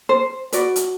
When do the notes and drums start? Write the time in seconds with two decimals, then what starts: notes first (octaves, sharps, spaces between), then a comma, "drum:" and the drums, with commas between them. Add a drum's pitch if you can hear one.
0.09 C5
0.53 F#4 B4 D5, drum: hi-hat
0.76 drum: hi-hat